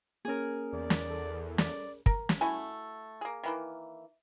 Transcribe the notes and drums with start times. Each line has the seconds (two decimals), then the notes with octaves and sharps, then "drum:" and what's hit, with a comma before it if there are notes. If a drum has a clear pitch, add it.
0.25 A#3 C#4 G#4 A#4
0.73 E2 D5
0.90 drum: snare
1.11 A4
1.58 D5, drum: snare
2.06 A#4, drum: kick
2.29 drum: snare
2.41 A3 E4 F#4 G#5
3.21 A#3 G#4
3.43 D#3 E3 A#3